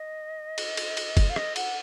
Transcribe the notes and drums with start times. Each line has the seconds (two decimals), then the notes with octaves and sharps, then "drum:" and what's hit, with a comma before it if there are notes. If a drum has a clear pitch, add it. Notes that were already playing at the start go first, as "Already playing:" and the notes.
Already playing: D#5
0.58 drum: cymbal
0.77 drum: cymbal
0.97 drum: cymbal
1.17 drum: kick F#1, cymbal
1.29 F5
1.36 D#5, drum: rim click
1.56 F#5, drum: cymbal